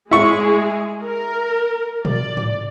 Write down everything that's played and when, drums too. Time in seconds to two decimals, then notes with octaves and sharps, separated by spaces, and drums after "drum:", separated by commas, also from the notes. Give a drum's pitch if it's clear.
0.11 G#3 E4 G#4 C#6
1.02 A#4
2.05 D5, drum: tom A#2
2.37 drum: tom G#2